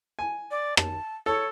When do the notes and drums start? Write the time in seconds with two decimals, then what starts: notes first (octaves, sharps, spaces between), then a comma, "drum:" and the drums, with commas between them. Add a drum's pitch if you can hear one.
0.19 G#5
0.51 D5
0.77 A5, drum: rim click
1.26 A4 C#5